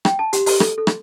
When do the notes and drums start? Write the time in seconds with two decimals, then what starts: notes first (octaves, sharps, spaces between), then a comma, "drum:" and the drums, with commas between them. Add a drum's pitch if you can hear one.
0.05 G5, drum: rim click
0.19 A5
0.33 G4, drum: hi-hat
0.46 G4, drum: open hi-hat
0.60 A4, drum: rim click
0.78 A4
0.87 drum: rim click